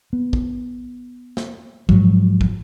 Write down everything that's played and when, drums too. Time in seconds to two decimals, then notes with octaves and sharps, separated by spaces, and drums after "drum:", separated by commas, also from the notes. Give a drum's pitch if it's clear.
0.13 B3
0.33 drum: kick
1.37 drum: snare
1.89 G#2 F3 F#3, drum: kick
2.41 drum: kick